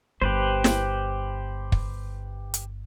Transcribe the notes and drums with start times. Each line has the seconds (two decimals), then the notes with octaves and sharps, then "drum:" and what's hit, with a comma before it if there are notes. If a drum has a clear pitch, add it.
0.22 G1 G4 B4 C5
0.64 drum: snare
1.72 drum: kick
2.54 drum: hi-hat